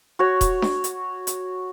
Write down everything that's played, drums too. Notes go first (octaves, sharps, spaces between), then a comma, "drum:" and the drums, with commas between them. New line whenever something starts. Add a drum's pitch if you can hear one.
F#4 C#5
drum: kick D#1, hi-hat
drum: snare D4
drum: hi-hat
drum: hi-hat